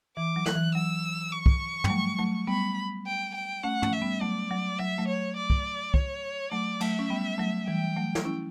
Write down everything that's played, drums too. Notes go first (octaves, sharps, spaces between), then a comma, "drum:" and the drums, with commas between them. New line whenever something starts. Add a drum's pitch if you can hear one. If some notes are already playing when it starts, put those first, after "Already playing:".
E3 D6
F#3
F#6, drum: snare
E3
F#3 E6
C#6
drum: kick
G3, drum: tom
F#3 A3
F#3 A3
G3 B3 B5
G5
G5
A3 C#4 F#5
A3 C#4, drum: tom
E5
G3 B3
F#3 A3 D5
F#3
F#3 E5
F#3 A3
C#5
D5
drum: kick
C#5, drum: kick
F#3 A3 D5
F#3 A3 E5, drum: cymbal
C#4
G3 B3
F#3 A3
E3 G3 G5
F#3 A3
drum: snare
C#4 E4